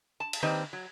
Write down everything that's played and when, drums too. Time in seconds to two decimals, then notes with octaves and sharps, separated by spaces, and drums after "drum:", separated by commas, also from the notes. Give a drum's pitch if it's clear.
0.20 A5
0.33 drum: cymbal
0.42 D#3 A#3 C4 G4 B4 D5
0.73 F#3